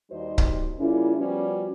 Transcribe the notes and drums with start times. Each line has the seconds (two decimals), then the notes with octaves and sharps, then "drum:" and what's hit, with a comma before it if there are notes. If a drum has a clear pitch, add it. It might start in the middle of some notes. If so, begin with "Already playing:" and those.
0.11 D#2 G3 D#4 F#4 C5 D#5
0.38 drum: kick C#1
0.79 C#3 G3 A#3 C#4 E4 F4
1.18 F3 G3 B3 C#4 F#4